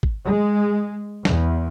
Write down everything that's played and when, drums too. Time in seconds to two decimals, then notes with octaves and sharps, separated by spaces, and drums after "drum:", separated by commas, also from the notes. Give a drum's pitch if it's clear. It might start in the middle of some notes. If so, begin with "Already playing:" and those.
0.03 drum: kick G#1
0.25 G#3
1.25 E2, drum: snare